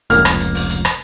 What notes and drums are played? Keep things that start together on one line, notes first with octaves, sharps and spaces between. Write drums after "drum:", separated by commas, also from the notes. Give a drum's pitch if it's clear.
F1 C#2 A#3 F6, drum: hi-hat
drum: rim click
drum: hi-hat
drum: open hi-hat
drum: hi-hat
drum: rim click